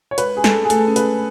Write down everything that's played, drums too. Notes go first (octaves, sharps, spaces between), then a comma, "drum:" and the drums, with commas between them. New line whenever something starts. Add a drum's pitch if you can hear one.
C#5
G#3 B4, drum: hi-hat
C#4 G#4
A4, drum: snare
C#4
G#4
A3 A4, drum: hi-hat
C#4
B4, drum: hi-hat
C#4